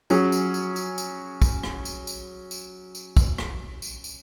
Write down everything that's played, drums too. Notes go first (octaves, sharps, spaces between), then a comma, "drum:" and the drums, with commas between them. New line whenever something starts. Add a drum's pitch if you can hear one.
F#3 C#4 G#4, drum: tambourine
drum: tambourine
drum: tambourine
drum: tambourine
drum: tambourine
drum: kick, tambourine
drum: rim click
drum: tambourine
drum: tambourine
drum: tambourine
drum: tambourine
drum: kick, tambourine
drum: rim click
drum: tambourine
drum: tambourine